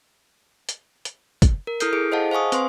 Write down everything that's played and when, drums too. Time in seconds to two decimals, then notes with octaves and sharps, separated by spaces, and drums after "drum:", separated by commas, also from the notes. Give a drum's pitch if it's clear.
0.69 drum: hi-hat
1.05 drum: hi-hat
1.42 drum: kick, hi-hat
1.67 A#4
1.80 E4 A4 D#6 F6 G6 C7, drum: hi-hat
1.93 E4 G#4 A4 D7
2.11 G#4 C5 D#5 F5 F#5 A5
2.31 C5 F5 G#5 C#6 D#6
2.52 C4 B4 C5 C6, drum: hi-hat